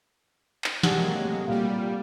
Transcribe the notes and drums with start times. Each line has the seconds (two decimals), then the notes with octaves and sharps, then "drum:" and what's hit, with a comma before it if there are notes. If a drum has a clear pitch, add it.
0.64 drum: clap
0.83 C3 D4 G4 G#4 F#5, drum: snare
0.95 F#3 G#3 A#3
1.25 A3
1.47 A#2 G3 A#3 F5